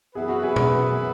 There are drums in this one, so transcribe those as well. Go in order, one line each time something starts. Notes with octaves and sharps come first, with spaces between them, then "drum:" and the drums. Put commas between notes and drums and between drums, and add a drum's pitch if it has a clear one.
F#2 E3 B3 E4 G#4 B4
F#4
G#4
drum: tom B2